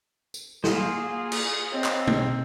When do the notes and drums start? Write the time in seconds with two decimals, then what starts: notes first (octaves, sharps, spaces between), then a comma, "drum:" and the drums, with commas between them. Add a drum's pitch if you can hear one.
0.34 drum: tambourine
0.64 A#3 F4 F#4 G#4 C5, drum: snare
1.32 drum: cymbal
1.73 C4 C#5 D#5
1.84 drum: clap
2.07 drum: tom B2